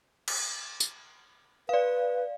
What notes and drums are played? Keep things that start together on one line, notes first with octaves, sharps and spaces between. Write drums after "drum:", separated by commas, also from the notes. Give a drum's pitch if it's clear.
drum: cymbal
drum: tambourine
B4 D5 F5